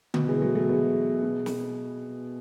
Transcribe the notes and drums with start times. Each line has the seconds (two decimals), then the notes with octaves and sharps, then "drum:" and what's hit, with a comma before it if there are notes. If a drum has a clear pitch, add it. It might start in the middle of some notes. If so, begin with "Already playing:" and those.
0.14 B2, drum: tom D3
0.28 E3 G#3
0.41 F#3 A3
0.55 F#3 A3
0.69 G#3 B3
1.23 B2
1.46 drum: snare